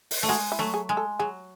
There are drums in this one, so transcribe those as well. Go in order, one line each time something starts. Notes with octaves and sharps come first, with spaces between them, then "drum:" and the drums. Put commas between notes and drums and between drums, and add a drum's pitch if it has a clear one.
drum: open hi-hat
A3
G#3 F#4
E4
F#3 A3
G#4
G#3
A4
F#3 G#4